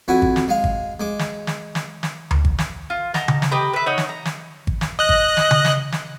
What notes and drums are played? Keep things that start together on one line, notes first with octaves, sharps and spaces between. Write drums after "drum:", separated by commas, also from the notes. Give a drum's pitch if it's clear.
F2 E4 F#4 G#5
drum: kick G#1
drum: snare
G#3 F5
drum: kick G#1
G#3 D6
drum: snare
drum: snare
drum: snare
drum: snare
drum: tom D2
drum: kick G#1
drum: snare
F4
D#5 F#5 A5 A#5, drum: snare
drum: tom C#3
drum: snare
G4 B4 D#5 A#5
B4 E5
D#4 C#5 D#5 F#5
drum: snare
A#5
drum: snare
drum: kick G#1
drum: snare
D#5 F#6
drum: kick G#1
drum: snare
drum: tom C#3
drum: snare
drum: snare